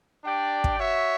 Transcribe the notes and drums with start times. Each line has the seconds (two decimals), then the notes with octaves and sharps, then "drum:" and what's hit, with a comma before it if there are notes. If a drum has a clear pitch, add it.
0.24 D4 G4 D5 G5
0.64 drum: kick
0.77 F#4 C#5 E5